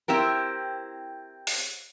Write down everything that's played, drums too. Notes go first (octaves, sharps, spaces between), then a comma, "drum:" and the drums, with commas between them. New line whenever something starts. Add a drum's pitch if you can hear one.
C4 E4 G4 A#4
drum: open hi-hat